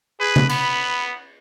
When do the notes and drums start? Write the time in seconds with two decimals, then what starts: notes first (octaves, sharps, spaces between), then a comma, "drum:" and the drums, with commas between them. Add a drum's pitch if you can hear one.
0.20 G#4 B4
0.36 drum: tom C#3
0.49 B3 B5, drum: cymbal